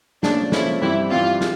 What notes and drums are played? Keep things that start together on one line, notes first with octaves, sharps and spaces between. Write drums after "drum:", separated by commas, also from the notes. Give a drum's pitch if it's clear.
A#2 F3 A3 C#4 D4, drum: snare
A#2 F3 A3 C#4 E4, drum: snare
G2 E3 G3 C4 E4
G2 E3 G3 C4 F4
F4, drum: snare